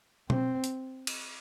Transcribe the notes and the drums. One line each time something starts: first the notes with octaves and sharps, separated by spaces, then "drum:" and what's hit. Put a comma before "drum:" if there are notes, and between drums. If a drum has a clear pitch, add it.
C4, drum: tom B2
drum: hi-hat
drum: cymbal